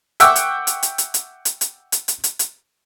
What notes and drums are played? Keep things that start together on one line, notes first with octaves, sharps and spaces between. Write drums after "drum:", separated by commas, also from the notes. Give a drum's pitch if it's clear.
E5 F#5 G5 C#6 D6 E6, drum: hi-hat
drum: hi-hat
drum: hi-hat
drum: hi-hat
drum: hi-hat
drum: hi-hat
drum: hi-hat
drum: hi-hat
drum: hi-hat
drum: hi-hat
drum: hi-hat
drum: hi-hat